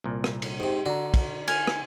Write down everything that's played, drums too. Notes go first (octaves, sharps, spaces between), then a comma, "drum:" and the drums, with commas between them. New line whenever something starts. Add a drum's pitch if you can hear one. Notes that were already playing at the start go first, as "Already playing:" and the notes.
C2 A#2
drum: rim click
drum: cymbal
G#2 C3 G4
D3 F#4 D5 A#5
drum: kick, cymbal
G#5 F6 F7, drum: cymbal
drum: rim click